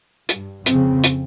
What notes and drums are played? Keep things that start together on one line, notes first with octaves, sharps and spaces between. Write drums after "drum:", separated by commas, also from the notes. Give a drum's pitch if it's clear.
G2, drum: hi-hat
F2 C#3 C4, drum: hi-hat
drum: hi-hat